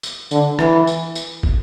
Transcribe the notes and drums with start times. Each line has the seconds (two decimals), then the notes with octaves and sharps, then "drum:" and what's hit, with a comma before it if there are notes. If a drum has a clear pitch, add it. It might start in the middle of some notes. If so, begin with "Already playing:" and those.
0.03 drum: tambourine
0.31 D3, drum: tambourine
0.59 E3, drum: rim click
0.87 drum: tambourine
1.15 drum: tambourine
1.43 drum: kick